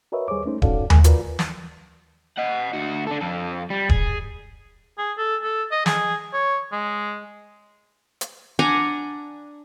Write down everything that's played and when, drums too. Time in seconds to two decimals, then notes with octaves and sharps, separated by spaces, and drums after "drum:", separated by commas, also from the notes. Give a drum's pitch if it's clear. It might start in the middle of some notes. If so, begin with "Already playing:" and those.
0.12 F#4 A#4 B4 C#5 D#5 E5
0.28 D#2 G3 G#4 C5 C#5 D6
0.45 A3 C#4 D#4 C5
0.62 C#4 D#4 F#4 A4 D5 F5, drum: kick D#1
0.90 G#2 G#3 A#4 G#5, drum: tom D#2
1.04 F4 F#4 A#4 B4 D5, drum: hi-hat
1.39 drum: snare
2.37 D#5 F#5
2.73 D2 F#4
3.07 D4 A4
3.21 F2 A4
3.70 G3
3.89 G#4, drum: kick D#1
4.98 G#4
5.18 A4
5.43 A4
5.71 D#5
5.86 G#4, drum: snare
6.33 C#5
6.72 G#3
8.21 drum: hi-hat
8.59 D4 F#5 G#5 A#5